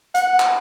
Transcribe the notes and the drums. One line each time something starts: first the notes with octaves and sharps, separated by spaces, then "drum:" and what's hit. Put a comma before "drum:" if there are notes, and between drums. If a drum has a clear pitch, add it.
F#5, drum: hi-hat
drum: clap